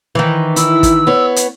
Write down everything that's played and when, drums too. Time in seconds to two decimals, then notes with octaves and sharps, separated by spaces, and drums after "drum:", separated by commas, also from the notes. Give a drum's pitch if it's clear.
0.15 D#3 E3
0.56 E4 E6, drum: hi-hat
0.83 drum: kick, hi-hat
1.07 B3 C#5
1.36 drum: hi-hat